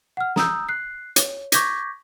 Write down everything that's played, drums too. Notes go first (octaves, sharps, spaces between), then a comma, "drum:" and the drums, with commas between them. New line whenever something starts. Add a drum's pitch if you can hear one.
F#5 F6
A#5 D#6 E6 G6, drum: snare
F#6 C7
C#5, drum: hi-hat
C#6 D6 G6 G#6 A#6 B6, drum: hi-hat